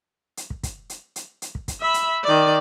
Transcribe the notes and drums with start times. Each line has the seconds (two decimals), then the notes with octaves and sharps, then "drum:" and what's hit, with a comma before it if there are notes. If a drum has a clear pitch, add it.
0.37 drum: hi-hat
0.50 drum: kick
0.63 drum: kick, hi-hat
0.90 drum: hi-hat
1.16 drum: hi-hat
1.42 drum: hi-hat
1.55 drum: kick
1.68 drum: kick, hi-hat
1.81 E5 B5
1.94 drum: hi-hat
2.24 D#3 D5